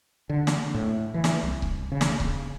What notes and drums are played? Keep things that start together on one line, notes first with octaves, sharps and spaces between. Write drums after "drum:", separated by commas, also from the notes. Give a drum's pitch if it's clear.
D3
drum: snare
A2
E3
drum: snare
C2
drum: kick C#1
C#3
drum: snare
drum: kick C#1